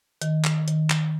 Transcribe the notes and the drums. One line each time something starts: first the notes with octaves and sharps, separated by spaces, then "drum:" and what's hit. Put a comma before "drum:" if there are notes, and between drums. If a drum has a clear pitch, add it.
D#3, drum: hi-hat
drum: clap
D#3, drum: hi-hat
drum: clap